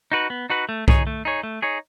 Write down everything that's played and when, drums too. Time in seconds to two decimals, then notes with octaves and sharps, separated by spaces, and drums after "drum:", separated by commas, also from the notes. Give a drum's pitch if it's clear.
0.12 D#4 F#4 B4
0.30 B3
0.50 D#4 F#4 B4
0.69 A3
0.88 D#4 G#4 C#5, drum: kick C2
1.07 A3
1.25 D#4 G#4 C#5
1.43 A3
1.62 D#4 G#4 C#5